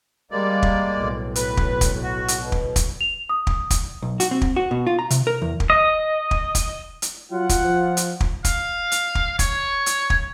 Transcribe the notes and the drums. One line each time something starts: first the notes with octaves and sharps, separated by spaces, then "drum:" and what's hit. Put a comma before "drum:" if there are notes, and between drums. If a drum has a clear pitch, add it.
G3 G#3 A#3 D5
drum: kick
B1 A2
B4, drum: hi-hat
drum: kick
drum: kick, hi-hat
F#4
drum: hi-hat
B2
drum: kick
drum: kick, hi-hat
F7
D#6
drum: kick
drum: kick, hi-hat
B1
F#4, drum: hi-hat
C4
drum: kick
F#4
B2
F4
A#5
C3, drum: hi-hat
A#4
E2
drum: kick
D#5
drum: kick
drum: kick, hi-hat
drum: hi-hat
F#3 F4 F#5
drum: kick, hi-hat
F3
drum: hi-hat
drum: kick
F5, drum: kick, hi-hat
drum: hi-hat
drum: kick
C#5, drum: kick, hi-hat
drum: hi-hat
drum: kick